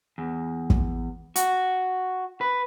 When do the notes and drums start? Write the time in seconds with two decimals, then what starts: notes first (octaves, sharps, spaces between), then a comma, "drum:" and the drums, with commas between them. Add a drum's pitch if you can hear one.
0.18 E2
0.70 drum: kick
1.36 F#4, drum: hi-hat
2.41 B4